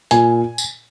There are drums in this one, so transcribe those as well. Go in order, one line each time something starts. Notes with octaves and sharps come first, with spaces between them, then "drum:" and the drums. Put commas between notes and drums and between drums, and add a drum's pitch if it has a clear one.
A#2 G#5, drum: hi-hat
drum: tambourine